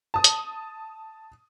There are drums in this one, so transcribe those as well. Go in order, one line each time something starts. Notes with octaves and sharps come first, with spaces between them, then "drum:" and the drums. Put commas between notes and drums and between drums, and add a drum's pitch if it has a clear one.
A5 D#6
drum: hi-hat